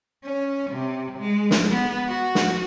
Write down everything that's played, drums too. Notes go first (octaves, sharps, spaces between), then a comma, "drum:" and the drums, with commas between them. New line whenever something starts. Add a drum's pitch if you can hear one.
C#4
C3
G#3
drum: snare
B3
F#4
drum: snare